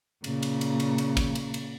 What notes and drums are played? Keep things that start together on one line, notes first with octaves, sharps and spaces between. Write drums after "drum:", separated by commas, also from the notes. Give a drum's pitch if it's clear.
A#2 C#3, drum: cymbal
drum: cymbal
drum: cymbal
drum: cymbal
drum: cymbal
drum: kick, cymbal
drum: cymbal
drum: cymbal